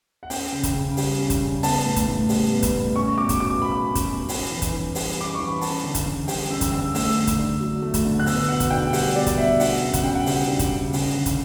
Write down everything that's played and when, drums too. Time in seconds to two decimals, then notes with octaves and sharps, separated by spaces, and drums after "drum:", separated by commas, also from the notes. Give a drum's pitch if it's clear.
0.23 F#5
0.30 C#4 G5, drum: open hi-hat
0.52 C#3
0.63 drum: kick, hi-hat
0.74 C#3
0.97 G3, drum: open hi-hat
1.18 C#4
1.30 drum: kick, hi-hat
1.41 C#3
1.63 B3 A5, drum: open hi-hat
1.85 A2
1.96 drum: kick, hi-hat
2.07 A2
2.29 G3, drum: open hi-hat
2.52 B3
2.63 drum: kick, hi-hat
2.73 A2
2.96 C#4 C#6
3.18 B2 D6
3.29 drum: kick, hi-hat
3.40 B2 D6
3.62 F#3 B5
3.85 C#4
3.95 drum: kick, hi-hat
4.06 B2
4.29 C#4, drum: open hi-hat
4.50 E3
4.62 drum: kick, hi-hat
4.73 E3
4.95 G3, drum: open hi-hat
5.17 C#4 D6
5.34 E3 C#6
5.48 B5
5.61 C#4 A5, drum: open hi-hat
5.83 D3
5.95 drum: kick, hi-hat
6.06 D3
6.28 G3 G5, drum: open hi-hat
6.50 C#4 E6
6.61 drum: kick, hi-hat
6.72 D3 E6
6.95 A3 E6, drum: open hi-hat
7.16 D3
7.27 drum: kick, hi-hat
7.39 D4
7.60 F#3
7.82 A3
7.94 drum: kick, hi-hat
8.05 D3
8.19 F#6
8.26 B3 E6, drum: open hi-hat
8.48 B2 F#5
8.60 drum: kick, hi-hat
8.71 D4 G5
8.93 G3 F#5, drum: open hi-hat
9.15 B3 D5
9.26 drum: kick, hi-hat
9.37 B2 E5
9.60 D4 F#5, drum: open hi-hat
9.82 C#3
9.93 F#5, drum: kick, hi-hat
10.04 C#3 G5
10.15 F#5
10.26 G3, drum: open hi-hat
10.48 D4
10.59 drum: kick, hi-hat
10.70 C#3
10.93 C#4, drum: open hi-hat
11.15 D3
11.26 drum: kick, hi-hat